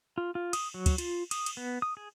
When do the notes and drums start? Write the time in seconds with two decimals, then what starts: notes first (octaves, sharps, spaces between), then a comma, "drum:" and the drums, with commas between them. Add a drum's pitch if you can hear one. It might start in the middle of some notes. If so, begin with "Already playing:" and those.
0.18 F4
0.35 F4
0.53 D#6, drum: cymbal
0.74 F#3
0.86 drum: kick, cymbal
0.98 F4, drum: cymbal
1.31 D#6, drum: cymbal
1.46 drum: cymbal
1.57 B3
1.82 D#6
1.97 G#4